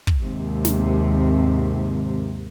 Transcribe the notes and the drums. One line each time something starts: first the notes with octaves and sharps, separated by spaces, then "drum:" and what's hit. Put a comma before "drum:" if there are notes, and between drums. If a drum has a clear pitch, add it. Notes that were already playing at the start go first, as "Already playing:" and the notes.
drum: kick
D#2 G#2 C3
drum: snare